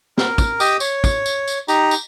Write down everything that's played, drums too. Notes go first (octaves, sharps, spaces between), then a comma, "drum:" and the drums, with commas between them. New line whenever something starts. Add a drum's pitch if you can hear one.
A#4, drum: snare
drum: kick, tambourine
G4 D#5 G5 D6 D#6, drum: tambourine
C#5, drum: tambourine
drum: kick, tambourine
drum: tambourine
drum: tambourine
D#4 G4 A#5, drum: tambourine
drum: tambourine